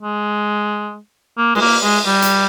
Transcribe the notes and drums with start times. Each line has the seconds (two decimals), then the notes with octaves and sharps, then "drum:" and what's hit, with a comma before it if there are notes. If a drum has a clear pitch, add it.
0.02 G#3
1.38 A#3
1.55 G#3, drum: cymbal
1.61 A#3
1.83 G#3
2.06 G3
2.22 drum: hi-hat